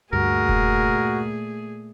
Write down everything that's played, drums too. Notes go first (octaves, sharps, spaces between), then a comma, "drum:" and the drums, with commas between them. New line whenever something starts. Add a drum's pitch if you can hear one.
D2 G2 A#2 A3 F#4 G#4 A#4
drum: kick E1